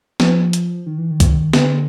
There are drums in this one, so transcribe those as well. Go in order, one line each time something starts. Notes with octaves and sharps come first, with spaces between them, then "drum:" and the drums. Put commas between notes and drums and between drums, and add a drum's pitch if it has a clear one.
F3, drum: snare B3
drum: hi-hat
D#3
E3
D#3
drum: kick C2, hi-hat
D3, drum: snare B3